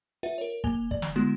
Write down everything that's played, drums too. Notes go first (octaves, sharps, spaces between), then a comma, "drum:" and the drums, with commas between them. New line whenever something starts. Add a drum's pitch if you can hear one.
F4 B4 E5 F#5
A#4 C#5
A#3 G#5 F7 G7, drum: kick
D5, drum: kick
drum: snare
D3 G#3 B3 E4 F#4